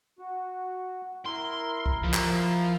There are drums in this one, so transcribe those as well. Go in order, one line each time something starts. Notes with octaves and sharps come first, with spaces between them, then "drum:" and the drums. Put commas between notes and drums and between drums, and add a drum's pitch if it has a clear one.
F#4
E4 A#4 C6
drum: kick C2
F3
drum: clap